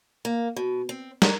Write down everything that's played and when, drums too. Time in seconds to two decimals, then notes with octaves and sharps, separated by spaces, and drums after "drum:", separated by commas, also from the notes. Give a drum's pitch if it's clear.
0.25 A#3
0.56 B2
0.89 C4
1.22 A#4, drum: snare